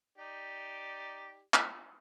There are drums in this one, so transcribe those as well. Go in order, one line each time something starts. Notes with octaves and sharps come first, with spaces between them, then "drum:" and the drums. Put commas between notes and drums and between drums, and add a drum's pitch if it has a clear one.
D#4 G4 D5
drum: clap